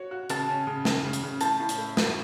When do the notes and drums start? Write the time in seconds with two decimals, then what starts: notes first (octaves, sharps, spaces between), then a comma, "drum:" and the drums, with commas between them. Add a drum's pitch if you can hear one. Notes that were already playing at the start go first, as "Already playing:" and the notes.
Already playing: F#4 C#5
0.11 F#4
0.30 C#3 A5, drum: hi-hat
0.49 C#4
0.67 C#3
0.85 C#3, drum: snare
1.04 C#3
1.13 drum: hi-hat
1.23 C#3
1.41 A2 A5, drum: hi-hat
1.60 A2
1.69 drum: hi-hat
1.78 A3
1.97 F#4, drum: snare